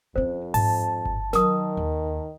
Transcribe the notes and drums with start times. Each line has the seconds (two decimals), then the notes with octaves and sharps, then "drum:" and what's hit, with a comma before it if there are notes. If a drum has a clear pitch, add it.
0.16 F2 C4 C#4 C5
0.54 G#2 A5, drum: open hi-hat
1.05 drum: kick G1
1.33 D#3 F#3 A#4 D#6, drum: snare
1.77 D#2